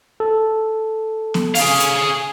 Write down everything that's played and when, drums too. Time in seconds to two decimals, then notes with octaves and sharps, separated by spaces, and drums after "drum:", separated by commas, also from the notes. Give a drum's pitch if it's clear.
0.20 A4
1.34 drum: snare B3
1.55 G#4 F5, drum: open hi-hat
1.80 drum: hi-hat